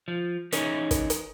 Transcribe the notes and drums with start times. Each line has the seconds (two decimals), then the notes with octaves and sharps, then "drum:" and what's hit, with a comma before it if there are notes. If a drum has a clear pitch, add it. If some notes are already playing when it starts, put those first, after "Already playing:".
0.08 F3
0.52 E3 C#4 D#4 G#4, drum: hi-hat
0.91 drum: kick, hi-hat
1.10 drum: hi-hat